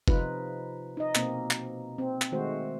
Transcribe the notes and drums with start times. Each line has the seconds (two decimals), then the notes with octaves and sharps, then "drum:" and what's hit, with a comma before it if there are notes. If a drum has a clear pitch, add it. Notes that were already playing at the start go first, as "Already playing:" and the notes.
0.08 C3 F3 D#4 F4 B4, drum: kick
0.97 D#4 D#5
1.15 B2 A#3 C4, drum: clap
1.51 drum: clap
1.98 C4
2.22 drum: clap
2.32 D#3 G#3 A3 F#4 C5